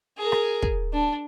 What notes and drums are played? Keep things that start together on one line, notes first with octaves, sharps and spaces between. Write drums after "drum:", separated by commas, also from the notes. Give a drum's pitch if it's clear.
G#4 A#4
drum: rim click
drum: kick
D4